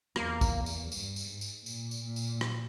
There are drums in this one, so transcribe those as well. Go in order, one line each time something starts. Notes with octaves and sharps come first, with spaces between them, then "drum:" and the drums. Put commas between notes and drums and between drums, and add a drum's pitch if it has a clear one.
E2 A#3, drum: rim click
drum: kick, tambourine
drum: tambourine
G2, drum: tambourine
drum: tambourine
G#2
drum: tambourine
A#2, drum: tambourine
drum: tambourine
A#2
drum: tambourine
drum: rim click